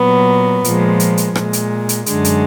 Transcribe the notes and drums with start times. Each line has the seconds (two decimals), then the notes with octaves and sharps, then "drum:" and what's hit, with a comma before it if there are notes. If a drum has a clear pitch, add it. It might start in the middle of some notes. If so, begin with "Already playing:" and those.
Already playing: A#2 F#3 B3
0.64 A#2 F3 G#3, drum: hi-hat
1.00 drum: hi-hat
1.17 drum: hi-hat
1.35 A#2 G#3, drum: rim click
1.53 drum: hi-hat
1.89 drum: hi-hat
2.06 F#2 D3 G#3, drum: hi-hat
2.25 drum: hi-hat